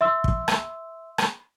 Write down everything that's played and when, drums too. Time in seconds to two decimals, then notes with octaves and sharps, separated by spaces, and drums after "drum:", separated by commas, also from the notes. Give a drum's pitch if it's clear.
0.01 E5 C6 E6
0.24 drum: kick
0.48 drum: rim click
1.18 drum: rim click